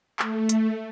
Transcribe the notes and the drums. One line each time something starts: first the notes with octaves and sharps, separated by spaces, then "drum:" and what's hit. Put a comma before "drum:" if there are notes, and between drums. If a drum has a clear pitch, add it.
A3, drum: clap
drum: hi-hat